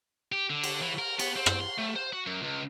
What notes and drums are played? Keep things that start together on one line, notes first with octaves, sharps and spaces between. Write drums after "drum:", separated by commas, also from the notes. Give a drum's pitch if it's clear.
G4
D3
drum: cymbal
E3
A#4
B3, drum: cymbal
C4
drum: rim click
C6
A3
C5
F#4
F#2
C#2